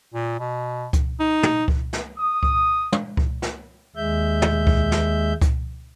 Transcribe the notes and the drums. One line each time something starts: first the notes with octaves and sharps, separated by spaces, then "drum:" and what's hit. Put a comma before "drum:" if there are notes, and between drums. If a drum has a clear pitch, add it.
A#2
B2
drum: kick C#2, hi-hat
D#4
drum: tom
drum: kick C#2
drum: snare
D#6
drum: kick C#2
drum: tom
drum: kick C#2
drum: snare
D#2 G#3 E5 G6
drum: tom
drum: kick C#2
drum: snare
drum: kick C#2, hi-hat